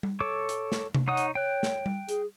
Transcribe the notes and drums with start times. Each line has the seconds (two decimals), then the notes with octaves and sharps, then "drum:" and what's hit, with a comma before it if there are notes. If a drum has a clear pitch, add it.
0.03 drum: tom G3
0.20 A4 C#5 D6
0.49 drum: hi-hat
0.72 drum: snare
0.95 drum: tom C3
1.08 D#4 C#5 F#5 D#6
1.17 drum: hi-hat
1.35 C#5 G5 F#6
1.63 drum: snare
1.86 drum: tom G3
2.09 G#4, drum: hi-hat